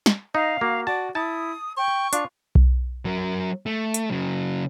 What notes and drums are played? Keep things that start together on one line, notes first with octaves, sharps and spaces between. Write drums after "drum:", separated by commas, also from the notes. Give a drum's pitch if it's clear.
drum: snare
D#4 D#5 F5
A#3 F#4
F#4 D5 A5
E4 A5 D#6
G5 C#6
D4 F4, drum: hi-hat
drum: kick B1
F#3 A#4
A3
drum: hi-hat
C#3 F#3